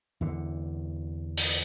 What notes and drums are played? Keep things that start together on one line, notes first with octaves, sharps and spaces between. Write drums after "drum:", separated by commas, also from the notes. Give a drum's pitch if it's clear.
E2 D3
drum: open hi-hat